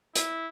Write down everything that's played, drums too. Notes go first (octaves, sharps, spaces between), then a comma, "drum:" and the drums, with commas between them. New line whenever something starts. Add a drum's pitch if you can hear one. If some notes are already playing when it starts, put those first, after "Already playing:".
E4, drum: hi-hat